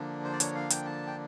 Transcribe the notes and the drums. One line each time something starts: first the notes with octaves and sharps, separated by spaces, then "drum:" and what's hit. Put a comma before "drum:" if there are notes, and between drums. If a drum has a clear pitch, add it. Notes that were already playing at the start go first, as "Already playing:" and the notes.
Already playing: D3 F3 A#3 D4
C5
D5
C#5, drum: hi-hat
F5
G5, drum: hi-hat
A5
G5